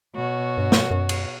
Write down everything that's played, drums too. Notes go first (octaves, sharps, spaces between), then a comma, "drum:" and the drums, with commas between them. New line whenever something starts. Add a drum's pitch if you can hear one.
B2 F#4 C#5
G2
drum: snare
F#2
drum: cymbal